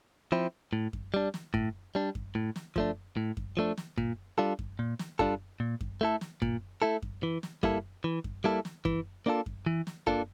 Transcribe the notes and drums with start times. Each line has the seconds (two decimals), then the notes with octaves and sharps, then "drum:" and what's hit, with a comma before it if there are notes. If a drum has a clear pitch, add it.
0.32 F3 C4 E4
0.73 A2
0.93 drum: kick F#2
1.14 G3 D4
1.34 drum: snare
1.54 A2, drum: kick F#2
1.95 G3 D4
2.15 drum: kick F#2
2.35 A2
2.56 drum: snare
2.76 F3 A3 D4, drum: kick F#2
3.17 A2
3.37 drum: kick F#2
3.57 F3 A3 D4
3.77 drum: snare
3.98 A#2, drum: kick F#2
4.38 G3 D4 F4 A4
4.59 drum: kick F#2
4.79 A#2
4.99 drum: snare
5.19 G3 D4 F4 A4, drum: kick F#2
5.60 A#2
5.81 drum: kick F#2
6.01 A3 E4 A4
6.21 drum: snare
6.42 A#2, drum: kick F#2
6.82 A3 E4 A4
7.02 drum: kick F#2
7.23 E3
7.43 drum: snare
7.63 G3 A#3 E4 A4, drum: kick F#2
8.04 E3
8.24 drum: kick F#2
8.44 G3 A#3 E4 A4
8.65 drum: snare
8.85 E3, drum: kick F#2
9.26 A#3 D4 F4 A4
9.46 drum: kick F#2
9.66 E3
9.87 drum: snare
10.07 A#3 D4 F4 A4, drum: kick F#2